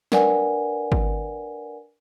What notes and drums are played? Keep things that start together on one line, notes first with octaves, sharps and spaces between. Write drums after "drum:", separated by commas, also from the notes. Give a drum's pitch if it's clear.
D4 A#4 B4 D5 F#5 G#5, drum: snare
drum: kick G#1